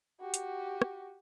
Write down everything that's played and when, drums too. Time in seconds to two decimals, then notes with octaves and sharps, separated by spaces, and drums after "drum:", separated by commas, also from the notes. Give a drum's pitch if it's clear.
0.21 F#4 G4
0.34 drum: hi-hat
0.82 drum: rim click